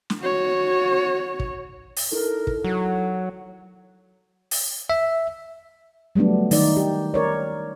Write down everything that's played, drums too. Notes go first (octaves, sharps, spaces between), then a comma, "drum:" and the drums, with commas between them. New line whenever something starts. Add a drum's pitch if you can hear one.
drum: snare
F#4 C#5
drum: kick
drum: open hi-hat
D#4 E4 A4 A#4
drum: kick
F#3 F#5
drum: open hi-hat
E5
F#3 G3 A3 B3 D4
D#3 D#4 D5, drum: open hi-hat
G4
A#4 C#5 D5